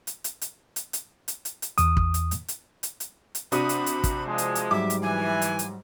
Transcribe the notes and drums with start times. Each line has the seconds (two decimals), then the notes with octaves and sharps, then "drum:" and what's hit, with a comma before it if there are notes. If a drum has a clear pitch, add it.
0.07 drum: hi-hat
0.24 drum: hi-hat
0.41 drum: hi-hat
0.76 drum: hi-hat
0.93 drum: hi-hat
1.28 drum: hi-hat
1.45 drum: hi-hat
1.62 drum: hi-hat
1.78 E2 D#6, drum: hi-hat
1.97 drum: kick
2.14 drum: hi-hat
2.31 drum: hi-hat
2.48 drum: hi-hat
2.83 drum: hi-hat
3.00 drum: hi-hat
3.35 drum: hi-hat
3.52 C3 D4 F#4 B5 D#6 D#7, drum: hi-hat
3.69 drum: hi-hat
3.86 drum: hi-hat
4.04 drum: kick, hi-hat
4.27 F3 G#3
4.38 drum: hi-hat
4.55 drum: hi-hat
4.71 G#2 F#3 G3 E5 D6
4.90 drum: hi-hat
5.02 E3 G#5
5.42 drum: hi-hat
5.59 drum: hi-hat